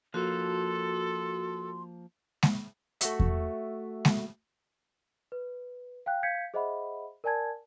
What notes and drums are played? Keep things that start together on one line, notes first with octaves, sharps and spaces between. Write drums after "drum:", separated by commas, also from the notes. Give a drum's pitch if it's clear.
F3 A#3 F#4 A4 C6
drum: snare G#3
A3 F#4 E5, drum: hi-hat
drum: kick E2
drum: snare G#3
B4
F5 G5 F#6
F5 G6 G#6 B6 C#7
G#4 C5 D#5 E5 F#5 B5
A#4 D5 G#5 A5 G#6